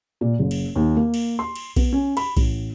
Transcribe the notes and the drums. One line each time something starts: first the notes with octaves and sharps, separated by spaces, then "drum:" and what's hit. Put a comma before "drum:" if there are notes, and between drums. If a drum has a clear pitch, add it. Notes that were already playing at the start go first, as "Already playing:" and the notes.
A#2
F#1
drum: cymbal
D#2
A#3
drum: cymbal
C6
drum: cymbal
B3, drum: kick B1, cymbal
C#4
B5, drum: cymbal
A1, drum: kick B1, cymbal